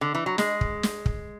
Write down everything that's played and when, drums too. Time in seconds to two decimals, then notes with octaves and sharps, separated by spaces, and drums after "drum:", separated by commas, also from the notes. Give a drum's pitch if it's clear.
0.01 D3
0.15 E3
0.26 F#3
0.38 G#3, drum: snare
0.61 drum: kick
0.83 drum: snare
1.06 drum: kick